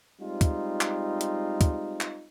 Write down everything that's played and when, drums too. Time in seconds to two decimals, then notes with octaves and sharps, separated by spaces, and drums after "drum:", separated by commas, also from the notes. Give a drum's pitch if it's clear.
0.21 G3 G#3 C4 D#4 F4
0.41 drum: kick, hi-hat
0.81 drum: clap
1.21 drum: hi-hat
1.61 drum: kick, hi-hat
2.01 drum: clap